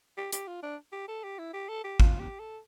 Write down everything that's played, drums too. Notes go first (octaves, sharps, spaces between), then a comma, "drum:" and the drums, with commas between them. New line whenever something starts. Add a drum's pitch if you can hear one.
G4
G4, drum: hi-hat
F4
D4
G4
A4
G4
E4
G4
A4
G4
F4, drum: kick G#1
G4
A4